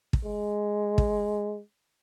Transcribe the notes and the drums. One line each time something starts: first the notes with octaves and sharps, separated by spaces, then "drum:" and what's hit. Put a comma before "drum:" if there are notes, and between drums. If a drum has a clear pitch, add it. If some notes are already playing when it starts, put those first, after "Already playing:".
drum: kick
G#3
drum: kick